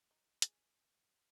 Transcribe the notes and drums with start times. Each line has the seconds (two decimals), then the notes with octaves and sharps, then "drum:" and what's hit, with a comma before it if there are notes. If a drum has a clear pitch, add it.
0.11 D#4
0.42 G#4, drum: hi-hat